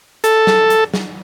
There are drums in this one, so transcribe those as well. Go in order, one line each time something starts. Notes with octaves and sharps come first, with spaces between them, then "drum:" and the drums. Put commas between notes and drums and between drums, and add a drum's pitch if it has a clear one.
A4, drum: hi-hat
drum: snare
drum: hi-hat
drum: snare